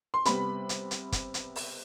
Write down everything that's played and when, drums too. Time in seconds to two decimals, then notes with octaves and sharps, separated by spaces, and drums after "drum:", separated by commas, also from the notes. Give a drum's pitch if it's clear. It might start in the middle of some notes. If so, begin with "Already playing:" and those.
0.14 C6
0.25 C3 G3 B3 B5, drum: hi-hat
0.69 drum: hi-hat
0.91 drum: hi-hat
1.12 drum: kick, hi-hat
1.34 drum: hi-hat
1.56 drum: open hi-hat